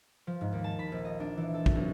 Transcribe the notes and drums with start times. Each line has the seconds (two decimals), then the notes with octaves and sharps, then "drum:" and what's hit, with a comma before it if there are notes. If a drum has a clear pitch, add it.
0.27 F3
0.41 G#2
0.53 D#2
0.64 A5
0.79 B5
0.92 A#1
1.05 D#5
1.20 D4
1.37 E3
1.54 A4
1.66 drum: kick
1.75 B1